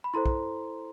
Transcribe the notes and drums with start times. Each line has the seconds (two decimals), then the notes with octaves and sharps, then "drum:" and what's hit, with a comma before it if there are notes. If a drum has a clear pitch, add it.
0.04 B5
0.14 E4 A4 C5 A#5 C6
0.26 drum: kick